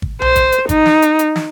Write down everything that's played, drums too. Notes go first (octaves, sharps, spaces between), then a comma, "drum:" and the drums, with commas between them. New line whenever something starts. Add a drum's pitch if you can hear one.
drum: kick
C5, drum: tom B1
drum: kick, hi-hat
drum: hi-hat
D#4, drum: kick, hi-hat
drum: snare
drum: hi-hat
drum: hi-hat
drum: snare